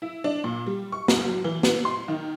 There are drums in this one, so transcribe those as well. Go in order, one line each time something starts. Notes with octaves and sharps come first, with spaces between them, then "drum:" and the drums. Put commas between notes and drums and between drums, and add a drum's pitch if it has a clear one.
E4
D4
A#2
G3
C#6
F#1, drum: snare
F#3
E3
B3, drum: snare
C6
D#3